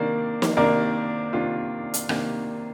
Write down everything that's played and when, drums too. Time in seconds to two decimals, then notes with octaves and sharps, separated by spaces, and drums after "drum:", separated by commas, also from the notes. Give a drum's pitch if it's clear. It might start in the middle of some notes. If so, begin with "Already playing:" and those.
Already playing: C3 D#3 A#3 D4 A#4 D5
0.42 drum: snare
0.57 C3 D#3 A#3 D4 A#4 D5
1.33 C3 D#3 A#3 D4 F4
1.94 drum: hi-hat
2.09 C3 D#3 A#3 D4, drum: rim click